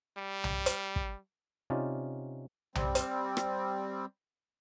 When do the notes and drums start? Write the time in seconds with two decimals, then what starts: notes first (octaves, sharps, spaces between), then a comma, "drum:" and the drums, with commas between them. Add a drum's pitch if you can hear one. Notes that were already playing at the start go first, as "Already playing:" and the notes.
0.18 G3
0.44 drum: tom B1
0.66 drum: hi-hat
0.96 drum: kick
1.70 C3 C#4 D#4 F4 D5
2.75 G3 C4, drum: tom B1
2.95 drum: hi-hat
3.37 drum: rim click